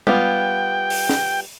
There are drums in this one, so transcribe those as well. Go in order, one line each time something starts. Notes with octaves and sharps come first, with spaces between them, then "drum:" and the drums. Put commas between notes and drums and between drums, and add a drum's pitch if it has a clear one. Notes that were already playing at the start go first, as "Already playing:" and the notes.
G3 B3 F4 G5, drum: tom G#3
drum: open hi-hat
drum: snare